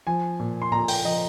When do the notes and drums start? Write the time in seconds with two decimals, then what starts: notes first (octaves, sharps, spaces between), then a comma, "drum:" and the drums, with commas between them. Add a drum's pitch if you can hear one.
0.07 F3 G#5
0.39 A#2
0.62 C6
0.72 A#2 A#5
0.88 G5, drum: open hi-hat
1.04 F3 D#5